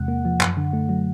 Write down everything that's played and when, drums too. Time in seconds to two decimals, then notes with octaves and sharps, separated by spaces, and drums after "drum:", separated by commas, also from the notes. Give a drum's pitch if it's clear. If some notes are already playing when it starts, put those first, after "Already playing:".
Already playing: E2 C3 G#3 F#5
0.08 A#3
0.25 F3
0.41 F#2, drum: clap
0.57 D3
0.73 A3
0.89 F#3